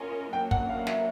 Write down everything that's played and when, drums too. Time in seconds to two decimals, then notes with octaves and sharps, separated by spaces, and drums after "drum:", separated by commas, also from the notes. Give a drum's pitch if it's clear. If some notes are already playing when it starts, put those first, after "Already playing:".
Already playing: C#4 F4 A#4 D#5 G#5
0.32 F#3 A#3 D4 G5
0.51 F#5, drum: kick
0.69 F5
0.80 F5
0.87 E5, drum: snare